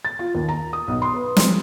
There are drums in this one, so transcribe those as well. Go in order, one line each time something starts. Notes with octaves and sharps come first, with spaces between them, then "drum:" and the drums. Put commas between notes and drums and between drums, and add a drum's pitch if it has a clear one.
A6
F4
D#2
A#5
D#6
B1
C6
B4
C6, drum: snare